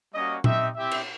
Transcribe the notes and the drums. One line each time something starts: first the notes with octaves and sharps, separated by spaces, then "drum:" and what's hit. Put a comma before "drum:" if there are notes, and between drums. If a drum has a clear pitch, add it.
G3 A#3 C#4 F#4 D#5
C4 D#4 G4 E5, drum: tom A#2
C4 E4 G4 E5
drum: cymbal